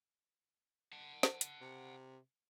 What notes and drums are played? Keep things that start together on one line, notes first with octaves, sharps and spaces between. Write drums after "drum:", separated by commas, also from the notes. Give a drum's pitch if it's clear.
F#5 A5
drum: snare
drum: hi-hat
C3